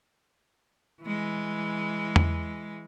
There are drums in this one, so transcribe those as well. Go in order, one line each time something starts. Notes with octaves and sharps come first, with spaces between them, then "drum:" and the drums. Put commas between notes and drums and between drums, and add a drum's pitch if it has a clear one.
E3 G#3
drum: tom